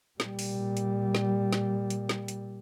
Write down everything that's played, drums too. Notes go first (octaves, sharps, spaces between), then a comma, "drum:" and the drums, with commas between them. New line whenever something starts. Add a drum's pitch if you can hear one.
A#2 G3, drum: snare
drum: open hi-hat
drum: hi-hat
drum: snare
drum: snare
drum: hi-hat
drum: snare
drum: hi-hat